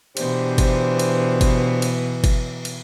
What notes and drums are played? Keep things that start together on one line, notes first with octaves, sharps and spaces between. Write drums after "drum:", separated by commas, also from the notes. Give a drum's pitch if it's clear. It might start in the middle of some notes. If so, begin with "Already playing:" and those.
B2 E3 D4 G4 C5, drum: cymbal
drum: kick G1, cymbal
drum: cymbal
drum: kick G1, cymbal
drum: cymbal
drum: kick G1, cymbal
drum: cymbal